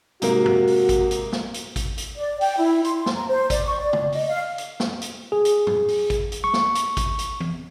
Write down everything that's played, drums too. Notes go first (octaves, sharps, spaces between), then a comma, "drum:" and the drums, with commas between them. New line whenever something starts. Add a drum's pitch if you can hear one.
G#2 C3 A#3 F#4, drum: hi-hat
drum: tom
drum: open hi-hat
drum: kick, hi-hat
drum: hi-hat
drum: snare
drum: hi-hat
drum: kick, hi-hat
drum: hi-hat
D5
G5, drum: open hi-hat
E4
C6, drum: hi-hat
drum: snare
A#5
C5
D5, drum: kick, hi-hat
C#6
D5
drum: tom
D#5, drum: open hi-hat
F5
drum: hi-hat
drum: snare
drum: hi-hat
G#4
drum: hi-hat
drum: tom G#2
drum: open hi-hat
drum: kick, hi-hat
drum: hi-hat
C#6
drum: snare
drum: hi-hat
drum: kick, hi-hat
drum: hi-hat
drum: tom E3